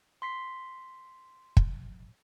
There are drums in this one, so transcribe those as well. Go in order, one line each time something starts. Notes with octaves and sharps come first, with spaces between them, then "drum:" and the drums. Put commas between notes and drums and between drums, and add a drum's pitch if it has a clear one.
C6 B6 C7
drum: kick